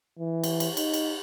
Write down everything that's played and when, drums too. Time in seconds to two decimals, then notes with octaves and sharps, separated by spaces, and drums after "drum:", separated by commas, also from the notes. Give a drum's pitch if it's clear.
0.19 E3
0.44 drum: cymbal
0.60 drum: cymbal
0.77 D#4, drum: cymbal
0.94 drum: cymbal